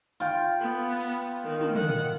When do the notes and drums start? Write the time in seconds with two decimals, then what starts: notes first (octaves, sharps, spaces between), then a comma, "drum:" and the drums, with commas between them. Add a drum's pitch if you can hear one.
0.20 F4 G5, drum: hi-hat
0.61 B3
1.00 drum: open hi-hat
1.45 D#3
1.61 drum: tom
1.75 D#3 F#5, drum: tom